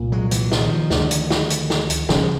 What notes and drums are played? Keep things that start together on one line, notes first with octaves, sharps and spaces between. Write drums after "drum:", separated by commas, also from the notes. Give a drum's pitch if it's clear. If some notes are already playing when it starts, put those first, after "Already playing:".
Already playing: C2 A#2
F#3 G#3
E3 F#3, drum: hi-hat
drum: snare
D#3 F3
D2 D3, drum: snare
drum: hi-hat
drum: snare
drum: hi-hat
drum: snare
drum: hi-hat
D2 C#3 F3 G3, drum: snare
G#3